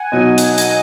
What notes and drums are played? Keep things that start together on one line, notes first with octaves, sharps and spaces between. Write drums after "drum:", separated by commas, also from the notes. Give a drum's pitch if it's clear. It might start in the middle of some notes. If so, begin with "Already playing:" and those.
Already playing: F#5 G#5
B2 F#3 D#4 G#5
drum: hi-hat
D#5, drum: hi-hat